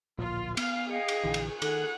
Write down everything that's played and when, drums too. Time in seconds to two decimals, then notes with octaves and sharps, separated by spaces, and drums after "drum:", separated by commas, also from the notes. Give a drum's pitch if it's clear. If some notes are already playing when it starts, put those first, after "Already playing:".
0.19 D1 A#1 A#2 F4
0.57 B3 F5, drum: cymbal
0.91 G#4 D#5 F5 G5 C#7
1.08 drum: cymbal
1.24 A#1 D3 E3
1.34 drum: cymbal
1.62 D#3 G#4 A4 F#5, drum: cymbal